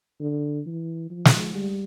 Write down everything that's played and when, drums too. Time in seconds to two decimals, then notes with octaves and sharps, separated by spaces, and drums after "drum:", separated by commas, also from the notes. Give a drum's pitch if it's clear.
0.20 D3
0.66 E3
1.10 F3
1.25 drum: snare
1.55 G3